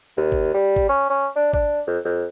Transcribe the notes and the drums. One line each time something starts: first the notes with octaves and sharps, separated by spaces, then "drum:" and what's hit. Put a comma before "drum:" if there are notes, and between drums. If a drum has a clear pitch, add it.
D#2
drum: kick G#1
G3
drum: kick G#1
C#4
C#4
D4
D4, drum: kick G#1
F2
F2